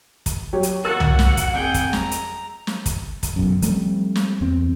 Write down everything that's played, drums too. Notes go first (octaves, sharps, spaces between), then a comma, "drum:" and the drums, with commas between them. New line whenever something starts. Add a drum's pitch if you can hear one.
drum: kick, hi-hat
F#3 G4 C#5
drum: hi-hat
A#3 F#4 A#4 F#5 E6 A6
drum: tom C2
drum: snare
drum: kick, hi-hat
F2 G#4 G5
drum: kick, hi-hat
A#5, drum: snare
drum: hi-hat
drum: snare
drum: kick, hi-hat
drum: kick, hi-hat
F#1 B1 F#2
F3 G3 A3 C4, drum: hi-hat
drum: snare
E2 C4